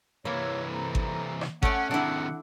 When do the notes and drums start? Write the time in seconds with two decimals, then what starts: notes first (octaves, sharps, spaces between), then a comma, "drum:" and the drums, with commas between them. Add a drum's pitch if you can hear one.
0.25 C3 E3 A#3 C#5
0.69 A4 C5 A#5
0.95 drum: kick G#1
1.41 drum: rim click
1.63 A3 C#4 D5 F#5, drum: kick G#1
1.91 C3 D#3 D4 E4